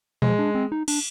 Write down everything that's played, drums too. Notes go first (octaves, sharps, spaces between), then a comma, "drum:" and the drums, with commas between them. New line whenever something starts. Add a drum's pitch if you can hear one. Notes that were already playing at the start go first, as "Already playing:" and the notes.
F3 G#3, drum: tom A#2
D4
C4
D#4
D4, drum: cymbal